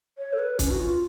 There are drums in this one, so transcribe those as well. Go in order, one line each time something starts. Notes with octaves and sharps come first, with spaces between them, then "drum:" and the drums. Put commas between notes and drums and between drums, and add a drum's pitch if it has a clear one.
C#5
A4
B4
C#4, drum: kick, hi-hat
F#4
F4